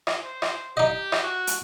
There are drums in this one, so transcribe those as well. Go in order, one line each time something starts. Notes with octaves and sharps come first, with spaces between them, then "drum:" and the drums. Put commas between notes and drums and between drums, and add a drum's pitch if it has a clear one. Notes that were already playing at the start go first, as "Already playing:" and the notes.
drum: rim click
C5
drum: rim click
D#4 G4 D#5
drum: rim click
F#4
drum: hi-hat